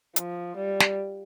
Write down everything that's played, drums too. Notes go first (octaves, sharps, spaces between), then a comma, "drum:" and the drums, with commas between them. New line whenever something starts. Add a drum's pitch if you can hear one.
F3, drum: hi-hat
G3
drum: snare